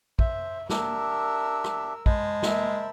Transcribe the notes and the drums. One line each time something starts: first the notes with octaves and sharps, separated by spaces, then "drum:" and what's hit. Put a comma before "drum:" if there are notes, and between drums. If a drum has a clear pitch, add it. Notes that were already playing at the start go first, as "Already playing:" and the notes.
C5 E5, drum: kick
D4 G4 A#4 E5 E6, drum: snare
drum: rim click
G#3 C5 A5 B5, drum: kick
A#4 E5, drum: snare